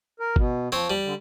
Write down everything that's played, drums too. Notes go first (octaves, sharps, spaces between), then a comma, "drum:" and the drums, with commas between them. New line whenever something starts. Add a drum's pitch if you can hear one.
A#4
B2, drum: kick G#1
F3 C4 C#5
G3
D3